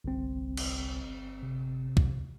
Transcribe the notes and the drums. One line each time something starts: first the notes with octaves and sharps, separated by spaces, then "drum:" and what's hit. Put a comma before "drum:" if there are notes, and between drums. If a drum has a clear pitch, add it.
G1 C2 C4
drum: cymbal
C3
drum: kick B1